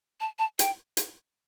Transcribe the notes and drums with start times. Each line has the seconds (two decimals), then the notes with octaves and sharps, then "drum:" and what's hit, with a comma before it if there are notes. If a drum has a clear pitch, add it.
0.20 A5
0.39 A5
0.59 G5, drum: hi-hat
0.97 drum: hi-hat